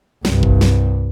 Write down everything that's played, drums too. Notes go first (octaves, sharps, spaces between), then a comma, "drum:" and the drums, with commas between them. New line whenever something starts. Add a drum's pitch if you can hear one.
C2 G2, drum: snare
drum: kick G1
drum: snare